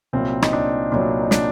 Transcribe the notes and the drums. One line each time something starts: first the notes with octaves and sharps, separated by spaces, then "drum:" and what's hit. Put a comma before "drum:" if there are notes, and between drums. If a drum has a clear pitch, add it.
C2 A#2 F#3 C4
D#4, drum: rim click
D4
C2 A#2 F#3 D4
D#4
D4, drum: snare